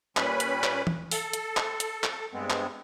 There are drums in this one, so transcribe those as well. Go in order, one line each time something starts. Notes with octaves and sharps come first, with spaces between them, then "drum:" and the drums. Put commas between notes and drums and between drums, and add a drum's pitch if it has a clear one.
A#2 G3 C#4 B4 B5, drum: clap
drum: hi-hat
drum: clap
drum: tom
A4, drum: open hi-hat
drum: hi-hat
drum: clap
drum: hi-hat
drum: clap
G2 G#3 B3 C4
drum: clap